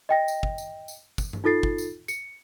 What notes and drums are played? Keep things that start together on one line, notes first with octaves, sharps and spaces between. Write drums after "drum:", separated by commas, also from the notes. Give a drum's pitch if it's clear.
D#5 G5 A#6
drum: tambourine
drum: kick
drum: tambourine
drum: tambourine
drum: kick, tambourine
drum: tom G2
D#4 F4 A4 A6 C7
drum: kick
drum: tambourine
C#7, drum: tambourine